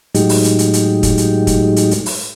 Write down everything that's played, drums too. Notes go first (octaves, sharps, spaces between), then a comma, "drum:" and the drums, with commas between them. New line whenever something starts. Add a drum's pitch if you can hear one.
A2 F#3 G#3 D#4 G4, drum: hi-hat
drum: open hi-hat
drum: hi-hat
drum: hi-hat
drum: hi-hat
drum: kick, hi-hat
drum: hi-hat
drum: kick, hi-hat
drum: hi-hat
drum: hi-hat
drum: open hi-hat